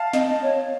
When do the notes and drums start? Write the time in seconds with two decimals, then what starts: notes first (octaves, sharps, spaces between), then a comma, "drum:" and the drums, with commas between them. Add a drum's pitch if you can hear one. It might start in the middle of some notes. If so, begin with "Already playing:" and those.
Already playing: F5 A5
0.13 D#5, drum: snare
0.42 C#5